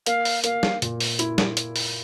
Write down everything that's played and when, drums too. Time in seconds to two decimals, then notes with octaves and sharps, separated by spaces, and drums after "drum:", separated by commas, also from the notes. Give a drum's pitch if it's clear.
0.06 A#3 F5, drum: hi-hat
0.25 drum: open hi-hat
0.44 A#3 F5, drum: hi-hat
0.63 drum: snare
0.82 A#2, drum: hi-hat
1.00 drum: open hi-hat
1.19 E4, drum: hi-hat
1.38 drum: snare
1.57 drum: hi-hat
1.76 drum: open hi-hat